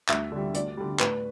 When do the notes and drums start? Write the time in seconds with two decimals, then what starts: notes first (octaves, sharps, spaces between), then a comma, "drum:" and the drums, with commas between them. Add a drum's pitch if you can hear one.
0.09 D2 E5, drum: clap
0.32 D3 G3
0.55 D2 D5, drum: hi-hat
0.77 D3 G3
1.00 A2 B4, drum: clap